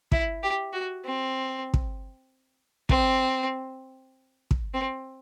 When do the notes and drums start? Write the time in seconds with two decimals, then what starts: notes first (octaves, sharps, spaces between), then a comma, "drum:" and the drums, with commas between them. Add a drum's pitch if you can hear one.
0.12 E4, drum: kick
0.43 G4
0.73 F#4
1.05 C4
1.74 drum: kick
2.89 C4, drum: kick
4.51 drum: kick
4.74 C4